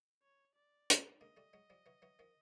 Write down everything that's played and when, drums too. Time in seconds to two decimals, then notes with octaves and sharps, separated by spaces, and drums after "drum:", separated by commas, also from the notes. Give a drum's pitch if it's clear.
0.22 C#5
0.55 D5
0.90 drum: hi-hat
1.21 G#3 A#3 D#5
1.37 G3 A3
1.53 F#3 G#3
1.70 F3 G3
1.86 E3 F#3
2.02 E3 F#3
2.19 D#3 F3